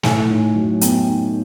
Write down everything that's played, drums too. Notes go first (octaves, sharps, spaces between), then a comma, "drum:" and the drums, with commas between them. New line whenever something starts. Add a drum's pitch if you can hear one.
A2 G#5, drum: snare
D#4
F#3
B3 G5, drum: hi-hat
D#4